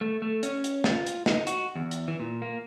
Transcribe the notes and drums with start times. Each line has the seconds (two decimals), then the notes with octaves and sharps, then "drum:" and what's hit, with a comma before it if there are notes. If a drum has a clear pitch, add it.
0.01 A3
0.22 A3
0.43 C#4, drum: hi-hat
0.64 drum: hi-hat
0.84 F4, drum: snare
1.06 drum: hi-hat
1.26 D#4, drum: snare
1.47 F#4, drum: hi-hat
1.76 E2
1.91 drum: hi-hat
2.08 E3
2.20 A#2
2.42 A#3